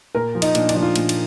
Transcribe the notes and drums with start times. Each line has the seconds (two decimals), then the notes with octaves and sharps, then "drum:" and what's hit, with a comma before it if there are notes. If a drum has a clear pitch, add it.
0.15 A#2 A#4
0.35 F3
0.42 D#4, drum: cymbal
0.55 A#2 D4, drum: cymbal
0.69 D4, drum: cymbal
0.75 F3 D#4
0.82 F4
0.96 A#2, drum: cymbal
1.09 drum: cymbal